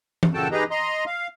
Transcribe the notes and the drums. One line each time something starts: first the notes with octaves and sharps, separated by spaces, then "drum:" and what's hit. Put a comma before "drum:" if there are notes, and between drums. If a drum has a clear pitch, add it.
drum: tom E3
A#2 C#3 F#4 A4 G5 A5
D#4 G4 G#4 B4 D#5 A#5
D#5 A#5 C6
F5